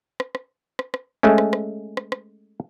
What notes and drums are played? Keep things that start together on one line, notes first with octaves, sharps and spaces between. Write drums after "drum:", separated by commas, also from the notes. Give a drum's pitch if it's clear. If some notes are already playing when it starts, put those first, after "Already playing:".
drum: rim click
drum: rim click
drum: rim click
drum: rim click
G#3 A3 C#4
drum: rim click
drum: rim click
drum: rim click
drum: rim click